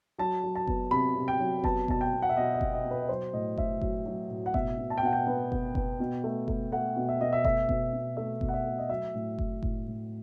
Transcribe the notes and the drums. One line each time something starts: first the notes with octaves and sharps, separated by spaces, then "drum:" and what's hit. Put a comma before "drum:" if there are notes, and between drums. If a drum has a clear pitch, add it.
F#3 A5
F#3
A5
B3, drum: kick F#1
C3 B5
C3
G5
F#3
B3 A5, drum: kick F#1
B2 A5, drum: kick F#1
G5
B2
F#5
E5
B2 D#5
D#5
B2, drum: kick F#1
D#5
B2
B4
D#5
F#3 C5
A2 D#5
A2 E5, drum: kick F#1
F#3, drum: kick F#1
F#3
A2
F#5
B2 E5, drum: kick F#1
B2
A5
G5
B2 F#5
G5
B3
B3, drum: kick F#1
B3, drum: kick F#1
B2
A3
A3, drum: kick F#1
A3 F#5
B2
E5
B2 D#5
E5
A3 E5, drum: kick F#1
B2, drum: kick F#1
B2
A3 E5
B2, drum: kick F#1
F#5
E5
A3
D#5
F#3 E5
A2
A2, drum: kick F#1
A2, drum: kick F#1
A2